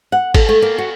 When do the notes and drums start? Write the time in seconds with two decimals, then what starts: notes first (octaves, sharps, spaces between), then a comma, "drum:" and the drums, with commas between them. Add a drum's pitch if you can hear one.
0.12 F#5
0.34 A4, drum: kick G#1, cymbal
0.49 A3
0.62 A#3
0.78 F#4